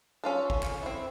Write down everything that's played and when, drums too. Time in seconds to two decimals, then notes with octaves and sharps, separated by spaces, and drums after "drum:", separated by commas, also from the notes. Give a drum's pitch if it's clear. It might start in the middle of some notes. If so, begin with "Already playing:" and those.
0.24 C#4 F4 A4
0.50 drum: kick G#1
0.63 drum: clap
0.83 C4 E4